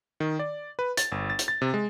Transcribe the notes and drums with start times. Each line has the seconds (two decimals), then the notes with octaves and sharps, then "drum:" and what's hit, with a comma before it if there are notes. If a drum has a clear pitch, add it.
0.20 D#3
0.39 D5
0.79 B4
0.97 A6, drum: hi-hat
1.12 G1
1.30 A6
1.39 drum: hi-hat
1.48 A6
1.62 C3
1.74 G#3